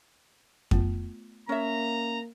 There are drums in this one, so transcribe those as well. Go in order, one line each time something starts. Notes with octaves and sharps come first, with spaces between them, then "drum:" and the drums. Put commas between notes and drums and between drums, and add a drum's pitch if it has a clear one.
A3 B3 F4, drum: kick F2
A#3 C#4 E5 A#5